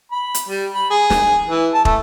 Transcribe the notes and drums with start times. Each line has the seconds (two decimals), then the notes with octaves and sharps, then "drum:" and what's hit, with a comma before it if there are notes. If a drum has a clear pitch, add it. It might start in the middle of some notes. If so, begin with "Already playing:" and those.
0.12 B5
0.34 drum: hi-hat
0.49 G3
0.73 B5
0.91 G#4
1.10 drum: snare
1.47 E3
1.74 A5
1.85 A3, drum: kick